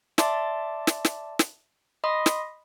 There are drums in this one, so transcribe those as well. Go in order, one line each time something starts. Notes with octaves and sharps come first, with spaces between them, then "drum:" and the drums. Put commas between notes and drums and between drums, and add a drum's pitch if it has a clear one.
D5 E5 A5 C6 D6, drum: snare
drum: snare
drum: snare
drum: snare
D#5 B5 C6 D#6
drum: snare